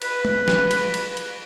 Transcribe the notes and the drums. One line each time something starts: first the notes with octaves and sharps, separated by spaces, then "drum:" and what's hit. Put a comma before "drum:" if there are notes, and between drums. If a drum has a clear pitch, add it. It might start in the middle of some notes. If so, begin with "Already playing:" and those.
B4, drum: cymbal
drum: tom G#3
drum: snare
drum: cymbal
drum: cymbal
drum: cymbal